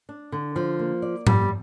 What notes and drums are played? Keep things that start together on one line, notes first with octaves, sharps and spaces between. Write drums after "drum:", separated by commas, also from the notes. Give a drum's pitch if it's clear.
D4
D3
F3
A#3
D5
G3, drum: tom G#2